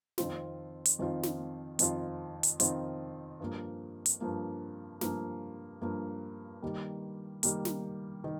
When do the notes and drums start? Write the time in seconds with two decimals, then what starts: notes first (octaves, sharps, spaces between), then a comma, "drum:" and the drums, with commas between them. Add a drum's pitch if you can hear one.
0.18 F2 D#3 C4 F4, drum: snare
0.85 drum: hi-hat
0.99 F2 D#3 C4 F4
1.23 drum: snare
1.79 F2 D#3 C4 F4, drum: hi-hat
2.43 drum: hi-hat
2.60 F2 D#3 C4 F4, drum: hi-hat
3.40 G2 F3 A#3
4.06 drum: hi-hat
4.21 G2 F3 A#3
5.01 G2 F3 A#3, drum: snare
5.82 G2 F3 A#3
6.62 D#3 G3 A#3
7.43 D#3 G3 A#3, drum: hi-hat
7.65 drum: snare
8.24 D#3